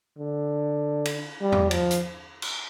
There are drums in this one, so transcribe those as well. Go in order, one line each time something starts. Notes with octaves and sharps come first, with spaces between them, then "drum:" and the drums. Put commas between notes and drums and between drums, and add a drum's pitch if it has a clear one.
D3
drum: cymbal
G3
drum: tom E2
F3, drum: cymbal
drum: hi-hat
drum: cymbal